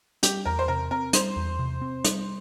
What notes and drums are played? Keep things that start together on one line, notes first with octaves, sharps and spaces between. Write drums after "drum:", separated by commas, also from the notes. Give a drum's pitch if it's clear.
G3 G4, drum: hi-hat
E2 A#4
C5
C3 A#4
C4 A#4
G3 C5, drum: hi-hat
E2
C3
C4
G3, drum: hi-hat